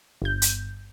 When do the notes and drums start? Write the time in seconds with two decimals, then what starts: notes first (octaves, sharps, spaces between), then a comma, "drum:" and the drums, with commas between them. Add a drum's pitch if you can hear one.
0.22 G1 G6
0.42 drum: hi-hat